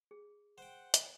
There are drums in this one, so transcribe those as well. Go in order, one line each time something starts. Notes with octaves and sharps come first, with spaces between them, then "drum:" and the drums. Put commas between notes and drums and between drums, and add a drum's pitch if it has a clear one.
G#4
C5 F#5 G5
drum: hi-hat